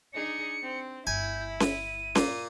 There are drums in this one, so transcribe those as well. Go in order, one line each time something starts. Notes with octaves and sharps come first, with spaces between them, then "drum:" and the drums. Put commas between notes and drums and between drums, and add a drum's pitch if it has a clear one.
D4 D#4 G#4 C#7
C4
G1 E4 G#5 G6
D#7, drum: snare C#4
A#2, drum: snare C#4